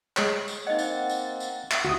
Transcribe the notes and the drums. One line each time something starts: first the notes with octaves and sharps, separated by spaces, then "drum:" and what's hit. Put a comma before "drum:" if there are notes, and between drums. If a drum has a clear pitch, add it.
G#3 C#5, drum: clap
drum: tambourine
A#3 C4 D#4 D#5 F#5 A6
drum: tambourine
drum: tambourine
drum: tambourine
drum: clap
D2 B2 F#4 D#6